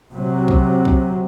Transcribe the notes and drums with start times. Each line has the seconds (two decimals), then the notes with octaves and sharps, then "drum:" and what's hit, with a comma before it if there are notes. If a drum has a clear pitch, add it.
0.11 C3 F#3
0.48 drum: kick B1
0.85 drum: kick B1